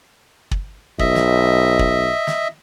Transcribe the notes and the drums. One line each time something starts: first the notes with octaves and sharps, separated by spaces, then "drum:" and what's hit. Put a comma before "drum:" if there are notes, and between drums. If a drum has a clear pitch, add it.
drum: kick
B1 D#5 E5, drum: kick
drum: snare
drum: kick
drum: snare